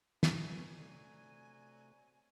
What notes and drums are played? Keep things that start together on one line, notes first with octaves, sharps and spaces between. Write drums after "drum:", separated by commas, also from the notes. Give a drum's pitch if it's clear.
D3 B3 D#4 C#5 G#5, drum: snare
C3 F#3 A3 D4 C5 D5